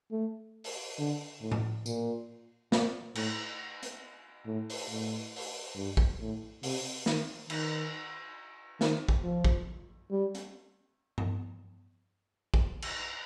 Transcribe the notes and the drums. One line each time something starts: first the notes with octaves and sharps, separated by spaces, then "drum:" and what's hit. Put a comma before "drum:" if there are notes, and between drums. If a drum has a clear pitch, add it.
A3
drum: open hi-hat
D3
A2
drum: tom A2
A#2, drum: tambourine
A#2, drum: snare
A2, drum: cymbal
drum: hi-hat
A2
drum: open hi-hat
A2
drum: open hi-hat
G2
drum: kick
A2
C3, drum: open hi-hat
D#3, drum: snare
D#3, drum: cymbal
D#3, drum: snare
drum: kick
F3
drum: kick
G3
drum: hi-hat
drum: tom G2
drum: kick
drum: cymbal